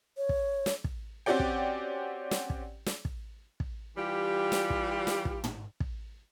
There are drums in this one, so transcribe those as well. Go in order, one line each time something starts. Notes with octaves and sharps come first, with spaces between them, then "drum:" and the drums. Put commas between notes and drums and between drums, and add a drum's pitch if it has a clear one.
C#5
drum: kick
drum: snare
drum: kick
C4 C#4 F#4 G4 D5 G5
drum: kick
drum: snare
drum: kick
drum: snare
drum: kick
drum: kick
E3 G3 F4 G4
drum: snare
drum: kick
drum: snare
drum: kick
drum: tom
drum: kick